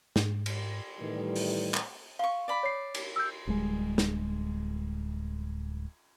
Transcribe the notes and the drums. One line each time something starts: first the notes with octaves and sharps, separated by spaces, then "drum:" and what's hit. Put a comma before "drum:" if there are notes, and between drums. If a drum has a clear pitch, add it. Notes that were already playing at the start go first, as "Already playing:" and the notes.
G#2, drum: snare
drum: cymbal
A2 D#3 E3 G3
drum: open hi-hat
drum: clap
F5 C6 C#6
D5 B5
C#5 C7
drum: cymbal
E6 G6
D1 G3 G#3
drum: snare